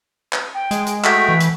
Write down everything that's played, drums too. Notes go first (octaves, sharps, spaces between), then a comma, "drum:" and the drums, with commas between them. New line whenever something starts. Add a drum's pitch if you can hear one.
drum: clap
G5
G#3, drum: hi-hat
drum: hi-hat
A3 F#4 G5 B6, drum: clap
E3
drum: hi-hat